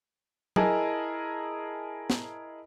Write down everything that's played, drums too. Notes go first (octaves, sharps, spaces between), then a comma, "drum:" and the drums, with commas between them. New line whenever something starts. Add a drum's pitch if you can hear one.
E4 G#4 A#4 D#5 G#5 A5, drum: tom F#3
drum: snare